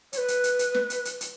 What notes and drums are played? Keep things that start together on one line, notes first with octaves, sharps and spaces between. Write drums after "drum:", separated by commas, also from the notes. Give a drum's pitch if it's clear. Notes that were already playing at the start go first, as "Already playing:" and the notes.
C#5, drum: hi-hat
B4
drum: hi-hat
drum: hi-hat
drum: hi-hat
drum: snare
drum: hi-hat
drum: hi-hat
drum: hi-hat